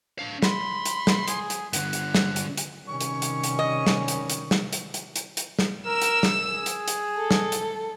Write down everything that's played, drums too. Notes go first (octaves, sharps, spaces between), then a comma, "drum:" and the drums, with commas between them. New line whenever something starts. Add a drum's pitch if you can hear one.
D4 F5
B5 C6, drum: snare
drum: hi-hat
drum: snare
G#4, drum: hi-hat
drum: hi-hat
G2 D3 F#5, drum: hi-hat
drum: hi-hat
drum: snare
drum: hi-hat
drum: hi-hat
C3 D#3 G3 C#4 C#6
drum: hi-hat
drum: hi-hat
drum: hi-hat
D#5
drum: snare
drum: hi-hat
drum: hi-hat
drum: snare
drum: hi-hat
drum: hi-hat
drum: hi-hat
drum: hi-hat
drum: snare
A#4 E6 E7
drum: hi-hat
drum: snare
G#4
drum: hi-hat
drum: hi-hat
A4
drum: snare
drum: hi-hat